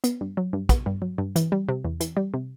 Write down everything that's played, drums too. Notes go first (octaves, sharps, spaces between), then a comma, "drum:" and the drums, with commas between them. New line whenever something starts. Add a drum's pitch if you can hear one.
B3, drum: hi-hat
G2
F#3
G2
B3, drum: kick, hi-hat
G2
F#3
G2
E3, drum: hi-hat
G3
C3
E2
E3, drum: hi-hat
G3
C3